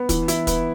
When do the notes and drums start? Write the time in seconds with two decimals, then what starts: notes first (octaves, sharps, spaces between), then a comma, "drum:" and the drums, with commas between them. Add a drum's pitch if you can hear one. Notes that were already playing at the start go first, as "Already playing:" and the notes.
Already playing: B3
0.09 E3, drum: kick, hi-hat
0.28 E4, drum: hi-hat
0.47 B3, drum: kick, hi-hat